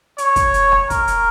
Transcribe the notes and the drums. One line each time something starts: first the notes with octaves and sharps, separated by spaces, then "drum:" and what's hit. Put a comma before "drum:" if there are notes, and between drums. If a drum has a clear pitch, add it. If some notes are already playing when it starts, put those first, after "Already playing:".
C#5, drum: hi-hat
drum: kick, hi-hat
drum: hi-hat
drum: rim click
A#4, drum: kick, hi-hat
drum: hi-hat